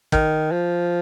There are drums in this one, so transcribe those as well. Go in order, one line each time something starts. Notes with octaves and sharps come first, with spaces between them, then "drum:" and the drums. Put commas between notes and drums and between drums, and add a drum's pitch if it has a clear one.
D#3, drum: kick
F3